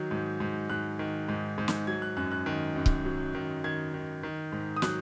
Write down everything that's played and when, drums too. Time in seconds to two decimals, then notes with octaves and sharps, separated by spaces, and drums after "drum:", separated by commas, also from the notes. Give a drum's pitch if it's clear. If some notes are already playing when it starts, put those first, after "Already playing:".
Already playing: D#3 F#3
0.11 G#2
0.40 G#2
0.70 G#2 F#6
0.99 D#3
1.28 G#2
1.58 G#2
1.68 drum: snare
1.87 F#3 G#6
2.02 F#6
2.17 F#2 F#6
2.32 F#6
2.46 D#3 F#6
2.76 F#2
2.86 drum: kick C#1
3.05 F#3
3.35 D#3
3.64 D#3 G#6
3.94 D#3
4.23 D#3
4.52 G#2
4.77 D#6
4.82 F#3 F#6, drum: snare